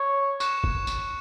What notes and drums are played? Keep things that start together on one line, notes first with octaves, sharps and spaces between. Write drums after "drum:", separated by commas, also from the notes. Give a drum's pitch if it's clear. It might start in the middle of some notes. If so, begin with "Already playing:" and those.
Already playing: C#5
C#6 F#6 C#7 E7, drum: tambourine
drum: kick
drum: tambourine